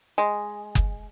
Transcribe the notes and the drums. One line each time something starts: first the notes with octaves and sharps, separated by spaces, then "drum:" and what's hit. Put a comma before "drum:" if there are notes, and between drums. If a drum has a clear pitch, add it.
G#3
drum: kick F#1